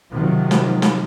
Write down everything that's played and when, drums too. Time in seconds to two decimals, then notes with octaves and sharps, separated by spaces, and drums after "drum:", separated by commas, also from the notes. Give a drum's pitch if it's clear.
0.13 C3 D#3 F3 F#3
0.51 drum: snare
0.82 drum: snare